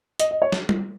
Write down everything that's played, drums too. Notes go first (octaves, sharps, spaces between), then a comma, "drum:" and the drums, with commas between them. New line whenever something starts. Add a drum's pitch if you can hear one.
D#5, drum: hi-hat
D#5
C#5
drum: snare
drum: tom G3